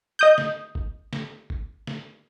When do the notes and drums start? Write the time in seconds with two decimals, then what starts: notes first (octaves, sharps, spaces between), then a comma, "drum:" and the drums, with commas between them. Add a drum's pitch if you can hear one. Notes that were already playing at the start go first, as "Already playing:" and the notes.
0.19 D#5 D#6 G6
0.38 drum: snare
0.75 drum: kick G1
1.13 drum: snare
1.50 drum: kick G1
1.87 drum: snare